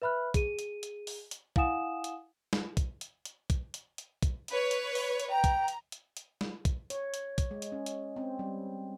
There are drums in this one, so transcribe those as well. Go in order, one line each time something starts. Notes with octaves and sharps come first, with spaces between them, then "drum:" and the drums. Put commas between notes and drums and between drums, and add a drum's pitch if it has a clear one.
B4 E5 B5 F6 F#6
G#4 D#7, drum: kick, hi-hat
drum: hi-hat
drum: hi-hat
drum: open hi-hat
drum: hi-hat
E4 F5 F#5 G#5 D#6 E7, drum: kick
drum: hi-hat
drum: snare
drum: kick, hi-hat
drum: hi-hat
drum: hi-hat
drum: kick, hi-hat
drum: hi-hat
drum: hi-hat
drum: kick, hi-hat
B4 C#5, drum: hi-hat
drum: hi-hat
drum: open hi-hat
drum: hi-hat
G5 A#5
drum: kick, hi-hat
drum: hi-hat
drum: hi-hat
drum: hi-hat
drum: snare
drum: kick, hi-hat
C#5, drum: hi-hat
drum: hi-hat
drum: kick, hi-hat
G#3
drum: hi-hat
C#4
drum: hi-hat
C4
G3